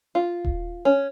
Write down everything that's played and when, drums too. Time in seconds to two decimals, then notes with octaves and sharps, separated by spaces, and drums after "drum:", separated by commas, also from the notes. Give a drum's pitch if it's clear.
0.15 F4
0.45 drum: kick D#1
0.85 C#4